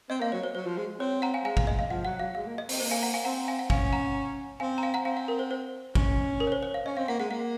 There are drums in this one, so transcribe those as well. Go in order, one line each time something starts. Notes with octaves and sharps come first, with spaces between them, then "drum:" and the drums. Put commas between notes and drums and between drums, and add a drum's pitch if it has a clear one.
C4 D#5
A#3 F5
F#3 C#5
C5
F#3 C5
F3
G#3
C4 C#5
F#5 A#5
F5 G#5
G#3 F5 G#5
F5, drum: kick G#1
D#5
F5
F3 F#5
F#3 F#5
F#3 F5
G#3 F5
A#3
D#5
C4, drum: open hi-hat
A#3 C5
F5 G#5
F#5 A#5
F5 G#5
C4 F#5 A#5
F5 G#5
F#5
C#4 F5 G#5, drum: kick G#1
F#5 A#5
C4 F5 G#5
A#5
F5 G#5
F#5 A#5
C4 F5 G#5
F#5
A#4
C5
C5
C#4, drum: kick G#1
A#4
C#5
C5
C#5
F5
C#4 D#5
C4 F5
A#3 F#5
G#3 F#5
A#3 F#5